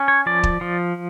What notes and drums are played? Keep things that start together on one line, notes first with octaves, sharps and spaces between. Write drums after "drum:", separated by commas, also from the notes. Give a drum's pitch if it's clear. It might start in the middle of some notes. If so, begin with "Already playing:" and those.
Already playing: C#4
C#5
F3 D5
drum: kick
F3